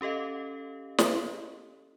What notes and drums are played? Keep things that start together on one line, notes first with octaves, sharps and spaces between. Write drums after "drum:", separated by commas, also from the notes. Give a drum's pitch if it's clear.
C#4 G4 A4 D#5 F5
drum: snare